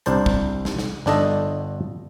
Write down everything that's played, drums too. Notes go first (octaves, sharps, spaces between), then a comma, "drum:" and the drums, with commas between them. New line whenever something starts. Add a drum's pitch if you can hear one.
C2 D4 C5 A5, drum: hi-hat
drum: kick
drum: snare
drum: snare
G1 D4 A4 D#5, drum: snare